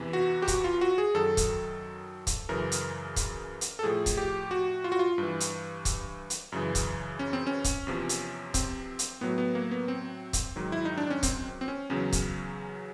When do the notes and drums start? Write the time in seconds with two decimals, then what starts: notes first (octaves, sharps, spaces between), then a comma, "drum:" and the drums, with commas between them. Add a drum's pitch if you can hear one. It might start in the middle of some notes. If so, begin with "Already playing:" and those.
Already playing: E2 C3 E3
0.13 F#4
0.42 G4
0.48 F#4, drum: kick C#1, hi-hat
0.64 F4
0.81 F#4
0.98 G#4
1.15 F#2 D#3 F#3 A4
1.37 drum: kick C#1, hi-hat
2.27 drum: kick C#1, hi-hat
2.49 F#2 C#3 E3 A#4
2.72 drum: hi-hat
3.16 drum: kick C#1, hi-hat
3.61 drum: hi-hat
3.79 A4
3.83 A2 F3 G#4
4.06 drum: kick C#1, hi-hat
4.17 G4
4.51 F#4
4.84 F4
4.92 F#4
4.99 F4
5.18 G2 E3
5.40 drum: hi-hat
5.85 drum: kick C#1, hi-hat
6.30 drum: hi-hat
6.52 F#2 C#3 E3
6.75 drum: kick C#1, hi-hat
7.19 C#4
7.33 C4
7.47 C#4
7.64 drum: kick C#1, hi-hat
7.87 E2 C3 F3
8.09 drum: hi-hat
8.54 C4, drum: kick C#1, hi-hat
8.99 drum: hi-hat
9.21 A2 F#3 B3
9.38 B3
9.55 A#3
9.71 B3
9.88 C4
10.33 drum: kick C#1, hi-hat
10.56 G#2 D#3 F#3
10.72 E4
10.85 D#4
10.98 D4
11.10 C#4
11.23 C4, drum: kick C#1, hi-hat
11.61 C4
11.68 C#4
11.90 E2 C#3 F#3 C#4
12.12 drum: kick C#1, hi-hat